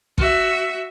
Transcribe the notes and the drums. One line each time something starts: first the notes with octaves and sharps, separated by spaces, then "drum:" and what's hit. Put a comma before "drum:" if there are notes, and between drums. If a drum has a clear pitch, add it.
F#4 E5, drum: kick